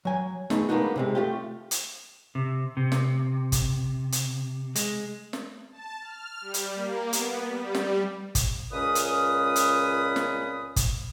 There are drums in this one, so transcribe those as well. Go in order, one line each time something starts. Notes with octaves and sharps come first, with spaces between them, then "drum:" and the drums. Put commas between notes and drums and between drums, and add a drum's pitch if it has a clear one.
F#3 G#5
A3 B3 D#4 G#4, drum: snare
G#3 A#3 B3 D4 D#4 F#4
C3 G#3 C4
A3 F4 G4
drum: hi-hat
C3
C3
drum: snare
drum: kick, hi-hat
drum: hi-hat
G#3, drum: hi-hat
drum: snare
A5
F6
G3
drum: hi-hat
A#3
B3, drum: hi-hat
G3
drum: snare
drum: kick, hi-hat
C#2 A#2 C#4 B4 D#6
drum: hi-hat
drum: hi-hat
drum: snare
drum: kick, hi-hat